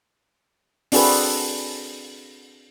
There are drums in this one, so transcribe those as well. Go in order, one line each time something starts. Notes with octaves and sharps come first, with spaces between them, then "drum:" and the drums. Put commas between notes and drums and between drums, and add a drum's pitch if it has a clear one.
C4 D4 F#4 G#4 A4 B4, drum: open hi-hat